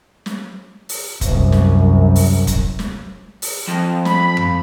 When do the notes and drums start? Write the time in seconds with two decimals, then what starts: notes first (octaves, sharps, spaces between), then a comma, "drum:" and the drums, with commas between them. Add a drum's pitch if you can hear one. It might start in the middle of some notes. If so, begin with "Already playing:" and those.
0.26 drum: snare
0.89 drum: open hi-hat
1.21 C2 F#2, drum: kick F1, hi-hat
1.52 drum: snare
2.16 drum: open hi-hat
2.47 drum: kick F1, hi-hat
2.79 drum: snare
3.42 drum: open hi-hat
3.67 F2
4.05 B5, drum: snare
4.37 drum: tom F2